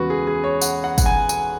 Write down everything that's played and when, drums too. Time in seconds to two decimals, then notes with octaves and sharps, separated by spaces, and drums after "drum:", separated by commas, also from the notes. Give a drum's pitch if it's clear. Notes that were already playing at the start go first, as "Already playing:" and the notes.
Already playing: E2 C#3 G#3 F#4 B4
0.10 G#4
0.27 G#4
0.44 C#5
0.61 F#5, drum: tambourine
0.84 F#5
0.98 F#5, drum: kick, tambourine
1.06 G#5
1.29 G#5, drum: tambourine